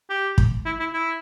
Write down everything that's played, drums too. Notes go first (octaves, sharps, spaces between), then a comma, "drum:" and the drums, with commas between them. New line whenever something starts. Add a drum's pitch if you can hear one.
G4
drum: kick
E4
E4
E4